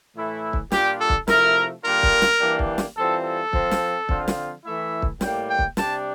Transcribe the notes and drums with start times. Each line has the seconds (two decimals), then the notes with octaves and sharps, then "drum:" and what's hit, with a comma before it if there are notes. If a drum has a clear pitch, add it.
0.16 A2 E3 A3 E4
0.53 drum: kick
0.72 A#2 G3 D4 F4 G4, drum: snare
1.00 A4
1.09 drum: kick
1.28 C3 F3 A3 E4 A#4, drum: snare
1.84 D3 G3 A#3 D4 F4 A#4
2.03 drum: kick
2.22 drum: snare
2.40 E3 G3 A#3 D4
2.59 drum: kick
2.78 drum: snare
2.97 E3 G3 C4 F4 A4
3.24 A4
3.53 F3 C4 F4, drum: kick
3.71 drum: snare
4.09 D3 F3 C4 F4, drum: kick
4.28 drum: snare
4.65 E3 A3 E4 E5
5.02 drum: kick
5.21 A2 G3 A#3 G5, drum: snare
5.49 G5
5.59 drum: kick
5.77 C3 G3 D4 A5, drum: snare